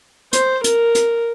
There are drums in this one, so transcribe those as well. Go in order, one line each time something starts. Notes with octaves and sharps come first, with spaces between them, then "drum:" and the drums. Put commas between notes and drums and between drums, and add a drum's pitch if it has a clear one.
C5, drum: hi-hat
A#4, drum: hi-hat
drum: hi-hat